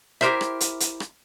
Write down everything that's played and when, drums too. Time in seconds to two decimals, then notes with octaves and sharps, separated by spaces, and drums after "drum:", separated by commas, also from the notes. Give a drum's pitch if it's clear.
0.21 E4 G4 A4 A#4 C5 E5, drum: rim click
0.41 drum: rim click
0.61 drum: hi-hat
0.80 drum: hi-hat
1.00 drum: rim click